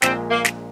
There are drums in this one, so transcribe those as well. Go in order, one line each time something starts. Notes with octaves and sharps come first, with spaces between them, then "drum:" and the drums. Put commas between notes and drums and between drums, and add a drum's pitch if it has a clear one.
A#1 A#2 G#3 C4, drum: snare
A#3
drum: snare